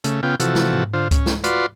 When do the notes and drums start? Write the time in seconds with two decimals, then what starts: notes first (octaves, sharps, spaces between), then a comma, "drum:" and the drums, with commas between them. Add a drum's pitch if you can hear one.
0.04 C#3 A3, drum: hi-hat
0.23 C#3 B3 F4 G5
0.40 C3 E3 F3 F#4 A4, drum: hi-hat
0.55 drum: snare
0.73 drum: tom G#2
0.93 D3 F4 C5
1.11 C#4, drum: kick C#2, hi-hat
1.26 drum: snare
1.44 F4 F#4 B4 D5 C6, drum: hi-hat